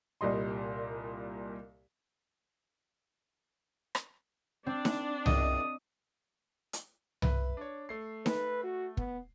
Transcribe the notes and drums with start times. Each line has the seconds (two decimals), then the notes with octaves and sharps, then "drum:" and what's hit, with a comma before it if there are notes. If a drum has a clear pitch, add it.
0.21 C2 A#2 G3 D#5 C6
3.95 drum: rim click
4.66 C4 D4
4.85 drum: snare D#4
5.26 E2 B2 D#3 D#5 D#6, drum: tom C2
6.73 drum: hi-hat
7.22 B4 E5, drum: tom C2
7.57 D4 C#5
7.89 A3 C7
8.26 B4, drum: snare D#4
8.64 F#4
8.97 B3, drum: kick